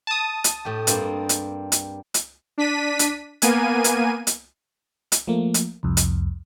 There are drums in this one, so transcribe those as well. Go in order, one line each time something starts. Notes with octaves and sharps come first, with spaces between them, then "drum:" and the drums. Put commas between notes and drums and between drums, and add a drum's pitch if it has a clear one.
A5 D#6
drum: hi-hat
A2 G4
G2 A#3 C4, drum: hi-hat
drum: hi-hat
drum: hi-hat
drum: hi-hat
D4 B6 D#7
drum: hi-hat
A#3 B3 G#5 D#7, drum: hi-hat
drum: hi-hat
drum: hi-hat
drum: hi-hat
F3 A3 A#3
drum: hi-hat
C2 F2
drum: hi-hat